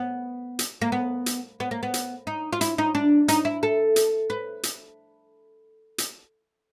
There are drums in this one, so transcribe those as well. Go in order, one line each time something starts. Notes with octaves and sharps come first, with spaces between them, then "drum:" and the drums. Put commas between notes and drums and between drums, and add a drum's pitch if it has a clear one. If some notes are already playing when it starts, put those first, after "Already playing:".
Already playing: B3
drum: hi-hat
A#3
B3
drum: hi-hat
B3
A#3
B3
drum: hi-hat
D#4
F4
E4, drum: hi-hat
D#4
D4
D#4, drum: hi-hat
E4
A4
drum: hi-hat
B4
drum: hi-hat
drum: hi-hat